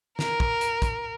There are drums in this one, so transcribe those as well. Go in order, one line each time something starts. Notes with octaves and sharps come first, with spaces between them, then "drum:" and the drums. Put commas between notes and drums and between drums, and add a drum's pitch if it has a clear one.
A#4, drum: snare
drum: kick
drum: hi-hat
drum: kick, hi-hat